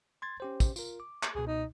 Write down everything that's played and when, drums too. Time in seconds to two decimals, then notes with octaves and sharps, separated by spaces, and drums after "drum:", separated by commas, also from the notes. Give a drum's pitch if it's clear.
0.22 C6 G#6 A6
0.40 C#4 G4 C5
0.60 drum: kick, tambourine
0.76 F4 A#4, drum: tambourine
1.00 D6
1.23 drum: clap
1.35 C#2 B2 G#4
1.47 D#4